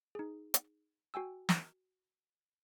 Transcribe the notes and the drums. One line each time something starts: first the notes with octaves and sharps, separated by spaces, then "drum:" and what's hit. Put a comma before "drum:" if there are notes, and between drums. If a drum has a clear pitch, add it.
D#4 G#4
drum: hi-hat
F#4 G5 G#5 E6
drum: snare